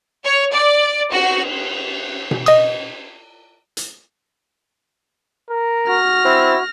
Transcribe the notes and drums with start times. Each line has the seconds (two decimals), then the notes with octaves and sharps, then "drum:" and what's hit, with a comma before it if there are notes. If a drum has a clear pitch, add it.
0.25 C#5
0.53 D5
1.12 F#4, drum: cymbal
2.31 drum: tom B2
2.46 D#5 D#6, drum: cymbal
3.77 drum: hi-hat
5.50 A#4
5.88 F#4 F6 A#6
6.25 C4 E4